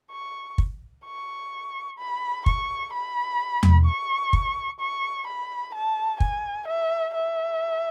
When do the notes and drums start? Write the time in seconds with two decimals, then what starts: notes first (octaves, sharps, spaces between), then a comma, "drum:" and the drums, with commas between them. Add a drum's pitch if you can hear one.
0.11 C#6
0.58 drum: kick
1.06 C#6
1.99 B5
2.46 C#6, drum: kick
2.93 B5
3.63 drum: tom E2
3.86 C#6
4.33 drum: kick
4.80 C#6
5.27 B5
5.74 A5
6.20 G#5, drum: kick
6.67 E5
7.14 E5